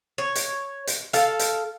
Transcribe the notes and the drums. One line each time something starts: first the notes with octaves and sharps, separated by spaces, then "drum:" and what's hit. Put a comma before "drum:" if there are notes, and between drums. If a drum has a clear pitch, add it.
C#5
drum: hi-hat
drum: hi-hat
A4 F5, drum: hi-hat
drum: hi-hat